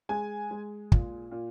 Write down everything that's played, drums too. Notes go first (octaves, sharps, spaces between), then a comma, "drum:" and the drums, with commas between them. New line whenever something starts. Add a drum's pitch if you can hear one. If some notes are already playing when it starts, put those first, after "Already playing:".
G#3 G#5
G#3
A#2, drum: kick
A#2